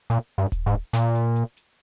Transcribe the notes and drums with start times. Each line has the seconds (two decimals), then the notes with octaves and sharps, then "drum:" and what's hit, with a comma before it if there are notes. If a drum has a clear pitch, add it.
0.10 A#2, drum: hi-hat
0.38 G2
0.52 drum: kick D#1, hi-hat
0.66 G#2
0.93 A#2, drum: snare
1.15 drum: hi-hat
1.36 drum: hi-hat
1.57 drum: hi-hat